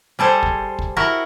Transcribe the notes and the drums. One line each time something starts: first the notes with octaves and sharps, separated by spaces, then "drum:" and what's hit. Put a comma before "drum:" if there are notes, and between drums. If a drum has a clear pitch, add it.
G3 G#4 A4 C5
drum: kick
drum: kick
E4 F#4 A#4